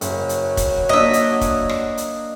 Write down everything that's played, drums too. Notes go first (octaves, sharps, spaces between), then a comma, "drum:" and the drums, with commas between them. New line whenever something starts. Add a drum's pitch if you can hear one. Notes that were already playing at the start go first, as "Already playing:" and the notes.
F#1 F#3, drum: hi-hat
drum: hi-hat
drum: kick, hi-hat
A#3 D4 D#5 E5
drum: hi-hat
drum: kick, hi-hat
drum: rim click
drum: hi-hat